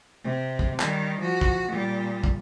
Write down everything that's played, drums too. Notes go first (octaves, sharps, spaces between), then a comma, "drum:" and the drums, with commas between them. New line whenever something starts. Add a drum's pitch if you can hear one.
C3
drum: kick
D#3 G3, drum: clap
F3 F#4
drum: kick
A#2 G3
drum: kick